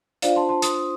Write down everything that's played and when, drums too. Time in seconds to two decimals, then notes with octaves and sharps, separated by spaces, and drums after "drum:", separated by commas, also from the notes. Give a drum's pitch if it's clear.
0.22 D4 F4 C5 D5 F5, drum: hi-hat
0.36 A5 C6
0.49 A5 C6
0.62 C6 D#6, drum: hi-hat